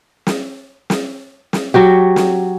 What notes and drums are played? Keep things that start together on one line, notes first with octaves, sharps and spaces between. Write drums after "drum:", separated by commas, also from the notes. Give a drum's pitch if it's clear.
drum: snare
drum: snare
drum: snare
F#3 F#4 G4
drum: snare